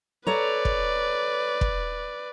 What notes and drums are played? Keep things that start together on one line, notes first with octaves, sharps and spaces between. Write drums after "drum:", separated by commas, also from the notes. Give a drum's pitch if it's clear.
A4 B4 C#5 D5 A#5
drum: kick
drum: kick